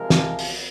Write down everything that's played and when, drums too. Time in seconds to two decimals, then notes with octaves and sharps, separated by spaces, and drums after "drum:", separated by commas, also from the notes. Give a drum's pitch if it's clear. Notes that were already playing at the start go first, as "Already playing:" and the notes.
Already playing: C3 F3 G#3 A#4
0.10 drum: snare
0.39 drum: open hi-hat